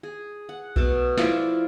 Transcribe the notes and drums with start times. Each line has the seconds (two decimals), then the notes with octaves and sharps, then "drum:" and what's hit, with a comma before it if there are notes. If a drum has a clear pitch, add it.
0.03 G#4
0.49 F#5
0.76 B2 A3 A5, drum: kick B1
1.18 F3 E4 F4 D5, drum: snare